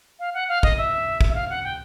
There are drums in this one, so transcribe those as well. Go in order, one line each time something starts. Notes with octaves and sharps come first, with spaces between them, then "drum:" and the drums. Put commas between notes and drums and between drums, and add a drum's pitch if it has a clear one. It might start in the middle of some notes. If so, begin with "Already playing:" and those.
F5
F#5
F5
D#5, drum: kick
E5
drum: kick
E5
F5
F#5
G5